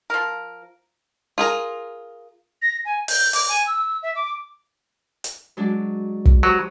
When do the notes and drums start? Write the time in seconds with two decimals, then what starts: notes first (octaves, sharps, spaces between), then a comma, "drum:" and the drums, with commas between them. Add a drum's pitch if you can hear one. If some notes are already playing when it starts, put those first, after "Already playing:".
0.10 F3 A#4
1.38 F4 G#4 A#4
2.62 A#6
2.85 G#5
3.08 G6, drum: open hi-hat
3.33 D6, drum: open hi-hat
3.49 G#5
3.67 E6
4.03 E5
4.16 D6
5.24 drum: hi-hat
5.57 F#3 G#3 D4
6.25 drum: kick
6.43 F#3 G4 C5 D#6